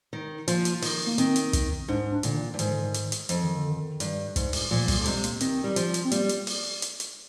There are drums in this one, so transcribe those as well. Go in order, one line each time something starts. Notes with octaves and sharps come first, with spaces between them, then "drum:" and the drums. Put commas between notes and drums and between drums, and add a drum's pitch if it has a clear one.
D#3
F3 A#3, drum: hi-hat
drum: hi-hat
D#3, drum: open hi-hat
A#3
D#3 C4, drum: hi-hat
drum: hi-hat
drum: kick, hi-hat
G#2 D4
D4
A#2 D3, drum: hi-hat
D#3
G2
G#2 D#3, drum: hi-hat
D3
D#3
drum: hi-hat
drum: hi-hat
F2 F3, drum: hi-hat
D#3
D3
D#3
G2, drum: hi-hat
G#2, drum: kick, hi-hat
drum: open hi-hat
A#2 F3
F3
G3, drum: kick, open hi-hat
D3
C3 G#3, drum: hi-hat
A#3, drum: hi-hat
D#3 C4, drum: hi-hat
G3
F3, drum: hi-hat
drum: hi-hat
C4
G3 A#3, drum: hi-hat
drum: hi-hat
drum: open hi-hat
drum: hi-hat
drum: hi-hat